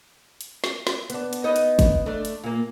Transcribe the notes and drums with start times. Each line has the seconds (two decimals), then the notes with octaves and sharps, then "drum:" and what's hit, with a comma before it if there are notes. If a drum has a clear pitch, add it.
0.41 drum: hi-hat
0.64 drum: snare
0.87 drum: snare
1.10 B3 D4, drum: hi-hat
1.33 drum: hi-hat
1.44 B3 D#4 D#5
1.56 drum: hi-hat
1.79 drum: kick, hi-hat
2.06 A3 D4
2.25 drum: hi-hat
2.43 A#2 A#3